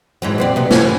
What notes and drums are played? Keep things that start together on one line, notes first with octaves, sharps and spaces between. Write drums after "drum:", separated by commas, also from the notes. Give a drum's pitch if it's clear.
G#2 E3 F#3
F#2 C4 D5
C3 B3
E3 C#4, drum: snare